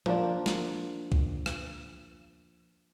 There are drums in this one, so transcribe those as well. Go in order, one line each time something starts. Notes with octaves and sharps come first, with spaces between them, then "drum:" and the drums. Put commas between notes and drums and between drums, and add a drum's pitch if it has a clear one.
F3 A#3 D4, drum: tom F3
drum: snare
drum: kick
drum: rim click